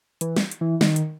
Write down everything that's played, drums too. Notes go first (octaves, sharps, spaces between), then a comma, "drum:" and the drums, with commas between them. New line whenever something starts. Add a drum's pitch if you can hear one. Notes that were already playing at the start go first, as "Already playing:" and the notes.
E3, drum: hi-hat
drum: snare
drum: hi-hat
E3
D#3, drum: snare
drum: hi-hat